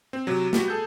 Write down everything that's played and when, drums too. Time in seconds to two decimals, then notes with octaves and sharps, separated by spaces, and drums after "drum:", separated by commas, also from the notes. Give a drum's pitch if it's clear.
0.13 C4
0.27 C3 F#3
0.53 G3 B3 F#4, drum: snare
0.68 G#4 A4 G6